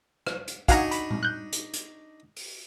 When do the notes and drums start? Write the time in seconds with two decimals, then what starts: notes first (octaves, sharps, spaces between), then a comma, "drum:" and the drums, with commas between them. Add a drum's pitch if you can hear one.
0.27 drum: rim click
0.48 drum: hi-hat
0.68 D4 D#4 F#4 F5 F#5 G#5 A#5 C#6, drum: kick, hi-hat
0.91 B5, drum: hi-hat
1.10 drum: tom A#2
1.23 F#6 G6
1.52 drum: hi-hat
1.73 drum: hi-hat
2.36 drum: open hi-hat